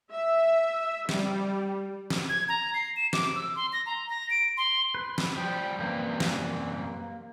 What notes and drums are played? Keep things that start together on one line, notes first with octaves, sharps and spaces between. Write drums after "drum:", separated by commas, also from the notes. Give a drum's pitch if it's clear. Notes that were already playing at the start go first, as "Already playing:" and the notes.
E5
G3, drum: snare
drum: snare
G#6
A#5
C7
E7
D6, drum: snare
E6
C6
A#6
A#5
A#6
D7
C6
B4
drum: snare
F3 G3 G5
F#2 C3 E3 G3 A#3
drum: snare